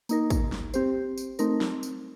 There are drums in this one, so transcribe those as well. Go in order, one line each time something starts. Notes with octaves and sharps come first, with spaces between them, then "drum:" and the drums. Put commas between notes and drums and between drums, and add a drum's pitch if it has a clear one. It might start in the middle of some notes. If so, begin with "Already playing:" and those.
A#3 D#4 A#4, drum: tambourine
drum: kick, tambourine
drum: snare
C4 G4 C5, drum: tambourine
drum: tambourine
A3 C4 D#4 A#4, drum: tambourine
drum: snare
drum: tambourine